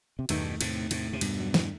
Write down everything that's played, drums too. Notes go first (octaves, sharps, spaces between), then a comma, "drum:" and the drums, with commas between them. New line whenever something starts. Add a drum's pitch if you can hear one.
C3
E2 G2 B2 D#3 A3 D#4, drum: cymbal
A2 C3, drum: cymbal
A2 C3, drum: cymbal
C3
G2 B2, drum: cymbal
F#3
E3, drum: snare